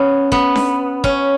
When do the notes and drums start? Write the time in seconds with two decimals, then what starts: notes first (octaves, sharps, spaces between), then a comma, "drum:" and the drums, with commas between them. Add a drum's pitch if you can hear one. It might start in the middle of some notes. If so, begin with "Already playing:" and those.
Already playing: B3 C#4
0.32 B3, drum: kick
0.56 drum: snare D4
1.04 C#4, drum: kick